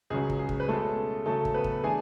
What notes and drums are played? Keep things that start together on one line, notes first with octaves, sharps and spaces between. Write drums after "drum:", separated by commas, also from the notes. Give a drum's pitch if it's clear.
C#2 C#3 F#3 C#4 G#4
drum: kick
G#4
drum: kick
B4
B2 G#3 A3 C#4 A4
C#3 F#3 A3 C#4 A4
drum: kick
B3 B4
drum: kick
E3 A3 D4 G#4 G#5